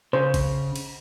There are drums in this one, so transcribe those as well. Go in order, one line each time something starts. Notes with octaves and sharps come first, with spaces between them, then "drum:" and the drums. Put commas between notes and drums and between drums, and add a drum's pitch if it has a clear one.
C#3 C5
drum: kick G#1, cymbal
drum: cymbal